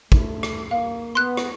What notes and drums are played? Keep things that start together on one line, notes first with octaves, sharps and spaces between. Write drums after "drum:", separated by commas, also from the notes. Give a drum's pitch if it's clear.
A3, drum: kick
drum: rim click
A#3 F5
B3 C6 F#6
drum: rim click